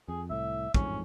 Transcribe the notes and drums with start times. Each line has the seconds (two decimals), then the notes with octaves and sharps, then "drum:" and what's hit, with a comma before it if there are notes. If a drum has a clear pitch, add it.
0.08 F2 G#4
0.30 C2 A2 E5
0.74 A1 F2 G#2 C#4, drum: kick